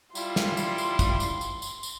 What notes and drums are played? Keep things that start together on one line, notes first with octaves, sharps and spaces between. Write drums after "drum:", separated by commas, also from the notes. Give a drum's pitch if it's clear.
G3 E4 F4 C6, drum: tambourine
drum: snare
drum: tambourine
drum: tambourine
drum: kick, tambourine
drum: tambourine
drum: tambourine
drum: tambourine
drum: tambourine